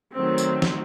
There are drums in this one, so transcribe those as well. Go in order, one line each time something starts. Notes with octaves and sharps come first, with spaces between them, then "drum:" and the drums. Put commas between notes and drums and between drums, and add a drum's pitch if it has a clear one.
D#3 F#3 A3 C4
drum: tambourine
drum: snare